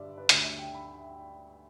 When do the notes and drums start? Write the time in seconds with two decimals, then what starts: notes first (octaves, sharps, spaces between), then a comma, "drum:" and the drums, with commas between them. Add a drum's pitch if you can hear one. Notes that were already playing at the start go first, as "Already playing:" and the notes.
Already playing: G2 D3 G3 D5 E5
0.18 B4
0.29 D2 D3 G3 C#5, drum: hi-hat
0.44 E5
0.58 G5
0.75 B5